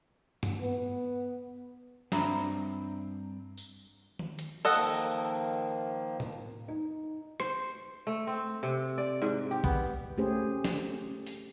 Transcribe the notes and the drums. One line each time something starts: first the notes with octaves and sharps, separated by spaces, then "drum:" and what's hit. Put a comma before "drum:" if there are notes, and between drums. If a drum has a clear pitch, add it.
drum: tom G2
B3
G2 C4 D4 E5 A#5 B5, drum: snare
drum: tambourine
drum: tom D#3
drum: hi-hat
D#3 F3 A#3 A4 D#5 F#5, drum: cymbal
drum: tom A2
D#4
C5, drum: rim click
A3
C4
C3
D5
G#2
G4
B3, drum: kick
A3 C#4 G4 G#4 C5
drum: snare
drum: open hi-hat